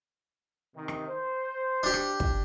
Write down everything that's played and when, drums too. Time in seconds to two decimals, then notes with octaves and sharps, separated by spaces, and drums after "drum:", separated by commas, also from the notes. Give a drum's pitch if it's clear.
0.75 C3 D#3
0.88 drum: rim click
1.08 C5
1.83 D4 G4
1.94 drum: rim click
2.20 drum: kick